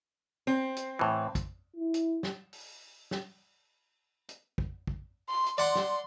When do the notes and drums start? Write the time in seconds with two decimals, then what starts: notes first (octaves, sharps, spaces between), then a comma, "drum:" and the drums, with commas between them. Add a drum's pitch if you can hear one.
0.47 C4
0.76 drum: hi-hat
0.99 A2 E3
1.35 drum: kick, hi-hat
1.76 E4
1.94 drum: hi-hat
2.23 drum: snare
2.53 drum: open hi-hat
3.11 drum: snare
4.29 drum: hi-hat
4.58 drum: kick
4.87 drum: kick
5.29 C6
5.46 drum: hi-hat
5.58 D5 F#5 C6
5.76 drum: snare